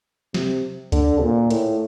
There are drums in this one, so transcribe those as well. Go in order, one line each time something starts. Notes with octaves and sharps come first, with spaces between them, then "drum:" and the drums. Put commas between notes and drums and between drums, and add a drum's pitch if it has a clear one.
C3, drum: snare
D3, drum: kick C#2, hi-hat
A#2
A2, drum: hi-hat